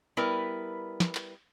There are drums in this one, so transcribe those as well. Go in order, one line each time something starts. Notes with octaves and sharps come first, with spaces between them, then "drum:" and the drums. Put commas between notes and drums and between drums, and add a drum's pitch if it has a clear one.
G3 B3 E4 A#4 B4
drum: snare
drum: clap